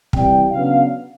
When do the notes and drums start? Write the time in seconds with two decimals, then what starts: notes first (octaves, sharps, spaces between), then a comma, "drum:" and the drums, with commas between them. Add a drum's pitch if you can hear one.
0.13 C3 E3 G3 G5, drum: kick
0.52 C#3 F#3 B3 D4 F5